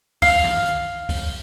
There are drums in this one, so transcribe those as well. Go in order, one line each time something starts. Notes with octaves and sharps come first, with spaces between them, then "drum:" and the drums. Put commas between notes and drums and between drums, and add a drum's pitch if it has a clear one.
F5, drum: kick C2, open hi-hat
drum: tom F#2
drum: hi-hat
drum: kick C2, open hi-hat